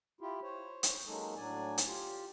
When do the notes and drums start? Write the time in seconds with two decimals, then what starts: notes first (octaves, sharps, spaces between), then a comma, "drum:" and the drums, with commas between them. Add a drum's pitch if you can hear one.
0.21 E4 F4 G4
0.42 C5 C#5
0.83 drum: hi-hat
1.07 F#3 G#3 A#3 C#4 D#4 A4
1.36 A2 F#3 D4 D5 G#5
1.78 drum: hi-hat
1.87 F4 G4